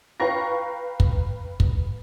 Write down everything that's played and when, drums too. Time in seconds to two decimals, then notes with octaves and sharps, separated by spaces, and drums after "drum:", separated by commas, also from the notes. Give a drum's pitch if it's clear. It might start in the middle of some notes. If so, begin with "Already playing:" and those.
0.20 B4 F5 G5 A#5 C#6 A#6
1.00 drum: kick
1.60 drum: kick